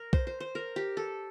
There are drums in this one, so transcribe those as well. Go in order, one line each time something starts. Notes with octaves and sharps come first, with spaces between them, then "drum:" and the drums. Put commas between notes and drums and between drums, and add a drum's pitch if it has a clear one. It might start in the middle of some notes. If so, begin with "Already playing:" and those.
Already playing: A#4
C5, drum: kick
C5
C5
A#4
G4
A4